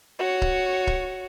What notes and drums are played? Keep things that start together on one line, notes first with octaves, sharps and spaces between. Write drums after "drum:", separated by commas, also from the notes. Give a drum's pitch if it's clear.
F#4 C#5
drum: kick C#1
drum: kick C#1